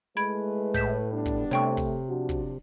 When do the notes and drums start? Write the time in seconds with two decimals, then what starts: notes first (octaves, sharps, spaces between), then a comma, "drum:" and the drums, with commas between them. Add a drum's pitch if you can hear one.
0.17 G#3 A3 E4 B4 B5 G#6 D7
0.74 A2 G6 B6 E7, drum: kick, open hi-hat
1.12 G3 B3 D4
1.26 drum: kick, hi-hat
1.51 C3 A3 C#5 G5 C#6
1.77 drum: kick, open hi-hat
2.09 F#2 F3 D4 F#4
2.29 drum: kick, hi-hat